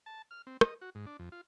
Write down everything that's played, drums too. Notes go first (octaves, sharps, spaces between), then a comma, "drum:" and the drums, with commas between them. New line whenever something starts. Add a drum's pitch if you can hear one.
A5
F6
C4
D#5, drum: rim click
F#4
G#2
D4
F2
F4